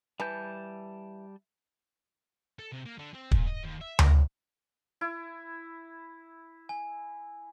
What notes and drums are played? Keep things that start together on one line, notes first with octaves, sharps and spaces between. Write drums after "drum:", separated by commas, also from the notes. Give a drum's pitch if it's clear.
E3 G3 A5 G6
A4
C3
A#3
D3
C4
A#2, drum: kick
D#5
D#2
E5
A#4, drum: tom D2
E4
G#5